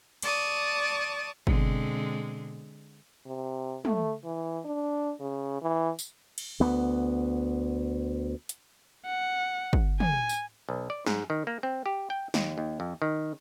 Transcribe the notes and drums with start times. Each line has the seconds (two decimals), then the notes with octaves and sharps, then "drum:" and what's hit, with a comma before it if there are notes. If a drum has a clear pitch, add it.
0.22 D5 A5 C#6 D#6, drum: cymbal
1.47 B2 D3 G#3 C4, drum: kick
3.26 C3
3.85 A3, drum: tom
4.24 E3
4.65 D4
5.20 C#3
5.62 E3
5.99 drum: tambourine
6.38 drum: cymbal
6.60 D2 B3
8.49 drum: hi-hat
9.06 F#5
9.73 drum: kick
10.00 G#5, drum: tom
10.29 drum: tambourine
10.69 B1
10.90 D5
11.06 G#2, drum: snare
11.30 D#3
11.47 A#3
11.63 C4
11.86 G4
12.10 G5
12.34 D#2, drum: snare
12.58 D#2
12.80 F2
13.02 D#3